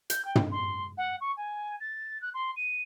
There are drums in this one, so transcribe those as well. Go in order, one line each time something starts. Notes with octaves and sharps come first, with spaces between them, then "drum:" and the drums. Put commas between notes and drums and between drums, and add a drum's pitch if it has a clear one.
G6, drum: hi-hat
G5
drum: tom
C6
F#5
C#6
G#5
A6
F#6
C6
D#7